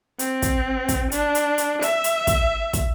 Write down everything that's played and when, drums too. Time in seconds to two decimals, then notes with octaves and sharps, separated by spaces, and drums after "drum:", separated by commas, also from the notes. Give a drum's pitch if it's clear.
0.19 C4, drum: hi-hat
0.42 drum: kick, hi-hat
0.89 drum: kick, hi-hat
1.12 D4, drum: hi-hat
1.35 drum: hi-hat
1.58 drum: hi-hat
1.82 E5, drum: hi-hat
2.04 drum: hi-hat
2.27 drum: kick, hi-hat
2.73 drum: kick, hi-hat